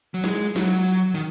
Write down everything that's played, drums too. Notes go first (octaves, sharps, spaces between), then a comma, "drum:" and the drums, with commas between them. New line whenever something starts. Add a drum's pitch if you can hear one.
F#3
G#3, drum: snare
F#3, drum: snare
drum: cymbal
D#3